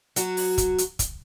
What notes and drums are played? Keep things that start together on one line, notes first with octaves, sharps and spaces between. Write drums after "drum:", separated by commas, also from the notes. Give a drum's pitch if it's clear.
F#3 F#4, drum: hi-hat
drum: open hi-hat
drum: kick, hi-hat
drum: hi-hat
drum: kick, hi-hat